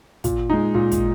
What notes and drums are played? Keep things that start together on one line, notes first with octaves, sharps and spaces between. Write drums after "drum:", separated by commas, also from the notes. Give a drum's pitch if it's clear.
A#2, drum: kick, hi-hat
G#3 D#4
A#2
drum: kick, hi-hat